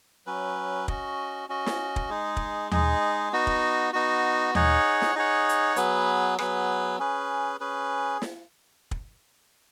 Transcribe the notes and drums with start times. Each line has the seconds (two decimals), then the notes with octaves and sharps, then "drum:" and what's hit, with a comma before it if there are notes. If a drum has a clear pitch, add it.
0.26 F#3 C#4 B4
0.88 C#4 F#4 D#5, drum: kick
1.49 C#4 F#4 D#5
1.66 drum: snare
1.96 drum: kick
2.09 G#3 D#4 G#4
2.37 drum: kick
2.71 G#3 D#4 G#4, drum: tom D#2
3.33 B3 D#4 F#4
3.47 drum: kick
3.93 B3 D#4 F#4
4.55 D#4 G#4 C#5 F#5, drum: tom D#2
5.02 drum: snare
5.15 D#4 G#4 C#5 F#5
5.49 drum: hi-hat
5.76 F#3 B3 G#4 B4, drum: hi-hat
6.39 F#3 B3 G#4 B4, drum: rim click
6.99 C#4 G#4 B4
7.60 C#4 G#4 B4
8.22 drum: snare
8.91 drum: kick